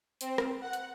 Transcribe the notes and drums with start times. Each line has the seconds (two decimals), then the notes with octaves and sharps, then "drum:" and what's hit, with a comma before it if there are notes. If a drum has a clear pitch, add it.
0.21 C4, drum: hi-hat
0.38 drum: rim click
0.61 F#5
0.73 drum: hi-hat